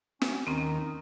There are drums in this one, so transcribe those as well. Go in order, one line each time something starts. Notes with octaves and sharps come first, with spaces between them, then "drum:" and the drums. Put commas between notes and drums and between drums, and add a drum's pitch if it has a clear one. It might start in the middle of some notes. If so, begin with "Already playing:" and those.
C#4, drum: snare
D#2 D#3 C4 C#4 D#4